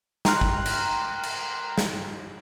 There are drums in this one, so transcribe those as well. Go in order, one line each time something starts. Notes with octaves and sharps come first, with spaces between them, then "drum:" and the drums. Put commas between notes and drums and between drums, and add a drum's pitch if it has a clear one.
G5 A#5 C6 F6 F#6, drum: snare
drum: kick
drum: cymbal
drum: cymbal
drum: snare